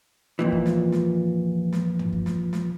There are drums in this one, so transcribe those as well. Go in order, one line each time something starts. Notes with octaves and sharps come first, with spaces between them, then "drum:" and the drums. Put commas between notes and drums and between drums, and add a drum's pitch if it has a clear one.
F2 A#2 E3
drum: kick
drum: snare
drum: snare
drum: snare
drum: tom
drum: kick
drum: snare
drum: snare